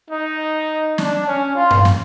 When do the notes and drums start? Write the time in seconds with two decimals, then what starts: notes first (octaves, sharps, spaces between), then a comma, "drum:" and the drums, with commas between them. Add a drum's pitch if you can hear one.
0.10 D#4
0.98 D4, drum: snare
1.27 C#4
1.56 F4
1.70 drum: tom G2
1.85 drum: snare